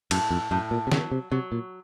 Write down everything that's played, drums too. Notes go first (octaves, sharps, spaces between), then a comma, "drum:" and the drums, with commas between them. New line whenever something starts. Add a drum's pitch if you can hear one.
F#2 A2, drum: cymbal
F2
F#2 A2
A#2
C3
C#3 F#3, drum: snare
C3
C3 F#3
A#2